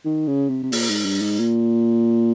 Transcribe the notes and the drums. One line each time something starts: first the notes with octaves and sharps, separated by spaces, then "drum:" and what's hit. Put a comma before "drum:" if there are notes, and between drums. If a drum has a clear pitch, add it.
D#3
C#3
C3
C3
A#2, drum: open hi-hat
G#2
G2
G#2
A#2